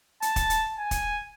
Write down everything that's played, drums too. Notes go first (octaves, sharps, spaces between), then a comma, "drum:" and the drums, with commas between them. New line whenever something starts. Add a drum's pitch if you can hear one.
A5, drum: hi-hat
drum: kick, hi-hat
drum: hi-hat
G#5
drum: kick, hi-hat